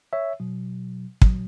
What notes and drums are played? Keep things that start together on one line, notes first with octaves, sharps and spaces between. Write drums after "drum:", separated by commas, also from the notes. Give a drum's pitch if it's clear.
C#5 E5
B2 F#3
A#2 F#3, drum: kick